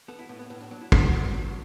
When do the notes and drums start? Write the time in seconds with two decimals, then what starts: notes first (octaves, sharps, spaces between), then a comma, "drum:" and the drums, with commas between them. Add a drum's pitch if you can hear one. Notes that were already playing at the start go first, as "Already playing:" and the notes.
0.08 B3 A4
0.19 E4
0.29 A2 B3
0.39 B3
0.50 A2 B3
0.61 D4
0.71 F#3 D4
0.82 E4
0.92 F#2 F#4, drum: kick
1.02 F#4
1.13 F#3 E4
1.24 B3
1.34 F#3 D4